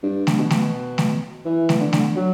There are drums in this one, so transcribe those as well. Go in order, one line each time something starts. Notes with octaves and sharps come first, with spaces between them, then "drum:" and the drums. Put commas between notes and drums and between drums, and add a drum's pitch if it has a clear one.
G2
drum: snare A3
B2
drum: snare A3
drum: snare A3
E3
drum: snare A3
D3
drum: snare A3
F#3